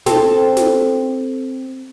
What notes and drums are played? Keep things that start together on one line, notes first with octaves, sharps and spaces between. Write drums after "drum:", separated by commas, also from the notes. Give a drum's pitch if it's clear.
C4 A4, drum: snare
drum: snare